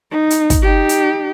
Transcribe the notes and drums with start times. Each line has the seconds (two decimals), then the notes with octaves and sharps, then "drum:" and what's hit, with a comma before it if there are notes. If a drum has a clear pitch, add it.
0.11 D#4
0.30 drum: hi-hat
0.50 drum: kick, hi-hat
0.62 D#4 G4
0.89 drum: hi-hat